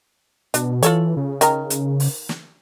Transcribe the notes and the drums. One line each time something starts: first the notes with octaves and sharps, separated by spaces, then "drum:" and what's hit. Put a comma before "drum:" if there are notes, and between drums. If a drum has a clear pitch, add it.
B2 D4, drum: hi-hat
E3 F4 A4 C#5, drum: hi-hat
C#3
D#3 A#4 A#5, drum: hi-hat
drum: hi-hat
drum: open hi-hat
drum: snare